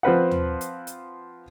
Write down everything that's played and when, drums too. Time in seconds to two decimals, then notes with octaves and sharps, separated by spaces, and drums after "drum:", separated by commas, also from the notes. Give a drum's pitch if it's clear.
0.03 F3 C4 B4 F#5
0.31 drum: tom D#2
0.61 drum: hi-hat
0.87 drum: hi-hat